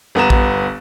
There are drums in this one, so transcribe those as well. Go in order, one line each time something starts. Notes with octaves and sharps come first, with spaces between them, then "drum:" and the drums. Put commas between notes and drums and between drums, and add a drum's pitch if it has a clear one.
G1 B3 A#5 E7
drum: kick A#1